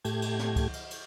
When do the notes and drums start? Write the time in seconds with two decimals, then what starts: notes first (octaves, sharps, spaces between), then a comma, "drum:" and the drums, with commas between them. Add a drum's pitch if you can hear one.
0.05 A2 A3 G4 G#6, drum: cymbal
0.22 drum: cymbal
0.39 drum: snare
0.56 drum: kick C#2, cymbal
0.73 drum: cymbal
0.91 drum: cymbal